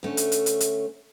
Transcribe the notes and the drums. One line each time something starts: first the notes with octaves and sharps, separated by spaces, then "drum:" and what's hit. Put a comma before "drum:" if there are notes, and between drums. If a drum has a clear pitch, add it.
D2 A3 C#4
drum: hi-hat
drum: hi-hat
drum: hi-hat
drum: hi-hat